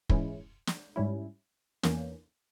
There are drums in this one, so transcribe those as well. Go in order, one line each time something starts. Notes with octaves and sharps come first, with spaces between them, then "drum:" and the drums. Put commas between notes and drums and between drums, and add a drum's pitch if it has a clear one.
G#2 E3 G#3 C#4 E4, drum: kick
drum: snare
G#2 G3 C#4 E4
E2 E3 A#3 C#4, drum: snare